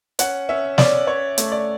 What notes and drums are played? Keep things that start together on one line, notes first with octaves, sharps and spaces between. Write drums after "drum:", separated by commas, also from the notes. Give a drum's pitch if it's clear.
C#4 F#5, drum: hi-hat
C#4 E5
C#4 D5, drum: snare
C#4 C#5
A3, drum: hi-hat
D5